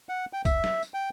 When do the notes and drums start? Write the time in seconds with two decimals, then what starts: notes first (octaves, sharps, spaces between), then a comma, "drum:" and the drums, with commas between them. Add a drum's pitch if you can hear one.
0.09 F#5
0.33 G5
0.45 E5, drum: kick, tambourine
0.64 drum: snare
0.82 drum: tambourine
0.94 G5